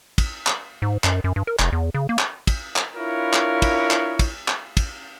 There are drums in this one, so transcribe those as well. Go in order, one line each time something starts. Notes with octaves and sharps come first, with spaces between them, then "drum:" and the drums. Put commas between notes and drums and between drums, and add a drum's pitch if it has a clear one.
drum: kick, cymbal
drum: clap
G#2
F#2, drum: clap
F#2
G2
A#4
F1, drum: clap
E2
C#3
A#3
drum: clap
drum: kick, cymbal
drum: clap
D4 E4 F4 A#4 B4 C#5
drum: clap
drum: kick, cymbal
drum: clap
drum: kick, cymbal
drum: clap
drum: kick, cymbal